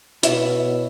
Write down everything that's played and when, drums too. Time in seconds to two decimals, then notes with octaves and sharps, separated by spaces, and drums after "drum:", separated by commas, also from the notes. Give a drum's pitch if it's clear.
0.23 B2 E4 C#5 E5, drum: hi-hat